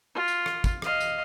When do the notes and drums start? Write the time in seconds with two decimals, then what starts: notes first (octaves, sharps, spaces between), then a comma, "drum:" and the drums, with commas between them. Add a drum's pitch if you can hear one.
0.15 F4
0.28 drum: tambourine
0.46 drum: rim click
0.64 drum: kick, tambourine
0.82 D#5 F5, drum: rim click
1.00 drum: tambourine